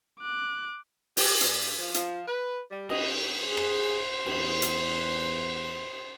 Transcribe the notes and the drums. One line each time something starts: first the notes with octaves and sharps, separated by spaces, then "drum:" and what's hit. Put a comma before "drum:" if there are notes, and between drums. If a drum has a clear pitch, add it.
D6 F#6
G4, drum: open hi-hat
G2, drum: hi-hat
F3
F3, drum: hi-hat
B4
G3
D#5, drum: cymbal
G#4 C5
drum: rim click
E2, drum: cymbal
drum: hi-hat